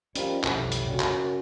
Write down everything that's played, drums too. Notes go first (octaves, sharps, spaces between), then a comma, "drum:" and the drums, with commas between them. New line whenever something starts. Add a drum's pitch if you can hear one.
D#3 F3 G3 C#4, drum: hi-hat
B1 F2 A2 D3 G3, drum: clap
drum: hi-hat
F#2 C#3 C#4
drum: clap